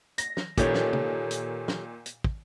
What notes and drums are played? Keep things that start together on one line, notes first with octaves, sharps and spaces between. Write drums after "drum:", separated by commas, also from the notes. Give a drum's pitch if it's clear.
A#6, drum: hi-hat
drum: snare
A#2 D#3 G4 A4 C#5, drum: kick, hi-hat
drum: snare
drum: tom
drum: hi-hat
drum: snare
drum: hi-hat
drum: kick